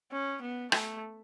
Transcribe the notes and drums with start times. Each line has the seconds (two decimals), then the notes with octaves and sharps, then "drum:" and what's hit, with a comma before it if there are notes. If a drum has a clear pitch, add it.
0.12 C#4
0.42 B3
0.72 A3, drum: rim click